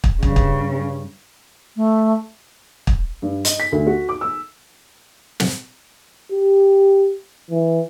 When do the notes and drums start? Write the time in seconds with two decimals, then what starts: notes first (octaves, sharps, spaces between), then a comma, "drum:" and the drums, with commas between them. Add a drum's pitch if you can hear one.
0.04 drum: kick
0.23 G2 C#3, drum: kick
0.36 drum: kick
1.76 A3
2.87 drum: kick
3.22 G2
3.45 D#5, drum: hi-hat
3.60 B6
3.72 D2
3.87 F#4
4.09 D6
4.21 E6
5.40 drum: snare
6.32 G4
7.51 E3